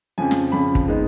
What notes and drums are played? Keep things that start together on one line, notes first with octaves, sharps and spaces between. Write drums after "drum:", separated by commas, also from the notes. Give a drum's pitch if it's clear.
F2 C#3 F3 G#5
drum: snare
F2 C#3 F3 B5
drum: kick
D#3 G#3 B3 D#4